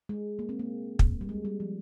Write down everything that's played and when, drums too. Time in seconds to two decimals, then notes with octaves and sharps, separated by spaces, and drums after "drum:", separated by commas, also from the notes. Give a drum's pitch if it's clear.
0.09 G#3
0.39 A#3
0.49 C4
0.59 A#3
0.99 drum: kick
1.21 G3
1.29 G#3
1.45 G3
1.60 F3